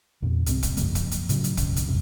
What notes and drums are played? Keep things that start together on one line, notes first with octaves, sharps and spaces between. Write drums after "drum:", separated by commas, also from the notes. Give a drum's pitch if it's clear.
E2 A#2
C2 G#2 G3 C4, drum: hi-hat
drum: kick, hi-hat
F#2 C#3 F3 A#3, drum: hi-hat
drum: kick, hi-hat
drum: hi-hat
A2 C#3 F3 F#3, drum: hi-hat
drum: hi-hat
B1 F#2 C#3, drum: kick, hi-hat
drum: hi-hat
E2 G2 C3